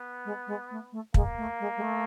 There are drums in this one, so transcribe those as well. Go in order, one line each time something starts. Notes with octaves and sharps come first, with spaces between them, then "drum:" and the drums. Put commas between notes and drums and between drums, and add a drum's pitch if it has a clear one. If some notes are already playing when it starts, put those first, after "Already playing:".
Already playing: B3
G#3
G#3
A3
A3
G#3 A#3, drum: kick
A3
G#3
G#3
A3